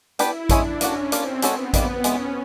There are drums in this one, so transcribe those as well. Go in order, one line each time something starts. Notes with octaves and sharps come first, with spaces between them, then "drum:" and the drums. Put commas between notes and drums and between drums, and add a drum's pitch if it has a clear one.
B3 D4 E4 G4 B4 D5, drum: hi-hat
G#3 C#4 D4 E4 G#4 C#5, drum: kick A1, hi-hat
A#3 C#4 D4 F#4, drum: hi-hat
A#3 C4 D4 F4, drum: hi-hat
G#3 B3 C#4 F#4 A4 C#5, drum: hi-hat
D#3 G3 A#3 B3, drum: kick A1, hi-hat
E3 G#3 B3 C#4, drum: hi-hat